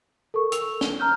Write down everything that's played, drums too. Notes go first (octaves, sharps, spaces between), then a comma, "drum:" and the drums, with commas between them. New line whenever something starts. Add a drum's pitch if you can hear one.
A4 A#4 C#6
E6 F7, drum: hi-hat
G7, drum: snare
A#5 F6 G6